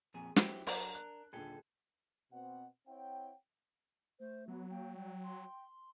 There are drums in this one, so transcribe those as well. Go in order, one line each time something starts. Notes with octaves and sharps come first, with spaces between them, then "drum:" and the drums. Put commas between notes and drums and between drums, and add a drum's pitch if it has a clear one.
F2 A#2 G#4
F#3 E4 F#4 G4 C5, drum: snare
F#3 D4 A#4 F#5 A#5, drum: open hi-hat
F#6
D#1 D3 G#4 A4 G5
B2 C4 F#5
C4 E4 C#5 F#5 G5
A3 C5
F#3 B3
A#3 G5
G3 G5
C6